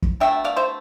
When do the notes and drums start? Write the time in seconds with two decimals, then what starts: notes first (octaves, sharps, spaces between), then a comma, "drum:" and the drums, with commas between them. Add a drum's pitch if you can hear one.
0.02 drum: kick
0.20 B2 A3 D4 E5 G5
0.44 D5 F5
0.56 C5 E5